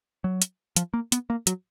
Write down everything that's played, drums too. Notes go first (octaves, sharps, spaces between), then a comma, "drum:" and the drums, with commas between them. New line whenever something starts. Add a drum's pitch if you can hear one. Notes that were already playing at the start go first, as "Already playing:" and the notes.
F#3
drum: hi-hat
F3, drum: hi-hat
A#3
B3, drum: hi-hat
A#3
F#3, drum: hi-hat